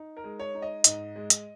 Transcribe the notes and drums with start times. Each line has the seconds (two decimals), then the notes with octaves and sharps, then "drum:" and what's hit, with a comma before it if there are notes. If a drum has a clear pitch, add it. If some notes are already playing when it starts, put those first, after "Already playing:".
Already playing: D#4
0.17 A#4
0.24 G#3
0.39 C#5
0.54 D#4
0.62 D#5
0.84 G#2 D#5, drum: hi-hat
1.16 G#3
1.30 drum: hi-hat